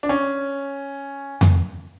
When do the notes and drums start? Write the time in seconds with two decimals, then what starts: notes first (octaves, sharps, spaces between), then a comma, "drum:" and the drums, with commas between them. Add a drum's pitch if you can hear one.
0.03 D4
0.09 C#4
1.41 drum: tom F2